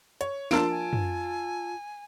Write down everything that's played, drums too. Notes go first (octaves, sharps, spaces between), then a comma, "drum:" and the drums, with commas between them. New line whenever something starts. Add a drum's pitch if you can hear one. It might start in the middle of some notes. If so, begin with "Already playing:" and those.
C#5, drum: hi-hat
F3 A#3 D4 F4 A5 C6 E6 D7, drum: snare
G#5
drum: tom